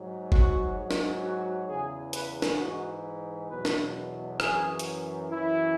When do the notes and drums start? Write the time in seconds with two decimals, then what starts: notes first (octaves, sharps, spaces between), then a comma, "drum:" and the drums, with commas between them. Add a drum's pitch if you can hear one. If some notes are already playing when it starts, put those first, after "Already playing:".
Already playing: G#2 F#3
0.32 F#4, drum: kick G1
0.76 G#2 F#3
0.91 drum: snare
1.22 F#4
1.68 E2 C#3 E3 G#4
2.13 B4, drum: hi-hat
2.42 drum: snare
2.58 G#2 E3 F#4
3.49 E2 B2 F#3 B4
3.65 drum: snare
4.40 F#2 E3 G#4, drum: rim click
4.79 drum: hi-hat
5.30 F#2 E3 E4